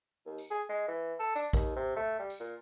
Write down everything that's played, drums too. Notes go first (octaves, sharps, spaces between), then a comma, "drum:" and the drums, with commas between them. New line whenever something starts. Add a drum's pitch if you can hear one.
D#2
drum: tambourine
G#4
G#3
E3
A4
D4, drum: tambourine
D#2, drum: kick A#1, tambourine
C3
A3
G3
drum: tambourine
A#2